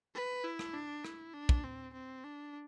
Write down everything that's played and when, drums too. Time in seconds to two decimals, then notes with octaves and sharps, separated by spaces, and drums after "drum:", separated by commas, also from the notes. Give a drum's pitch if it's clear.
0.15 B4
0.44 E4
0.59 drum: rim click
0.74 D4
1.05 E4, drum: rim click
1.34 D4
1.49 drum: kick
1.64 C4
1.94 C4
2.24 D4